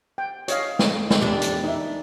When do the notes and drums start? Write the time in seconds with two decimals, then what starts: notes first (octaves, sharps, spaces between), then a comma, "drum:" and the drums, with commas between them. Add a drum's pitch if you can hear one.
0.18 G5
0.48 C#5 D#5 F5, drum: hi-hat
0.79 drum: snare
1.10 drum: snare
1.21 E2 D4 G4
1.42 drum: hi-hat
1.64 D#4 E5